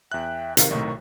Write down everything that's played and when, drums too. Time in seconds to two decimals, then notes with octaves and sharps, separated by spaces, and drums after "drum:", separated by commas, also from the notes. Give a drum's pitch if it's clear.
0.12 E2 E5 G5 F#6
0.57 C3 D#3 A#4 F5, drum: hi-hat
0.71 B1 A2 C#6